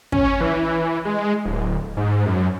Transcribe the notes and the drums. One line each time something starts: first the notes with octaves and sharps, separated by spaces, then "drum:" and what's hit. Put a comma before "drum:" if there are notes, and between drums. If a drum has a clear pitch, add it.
C#4, drum: kick
E3
G#3
D1
G#2
F#2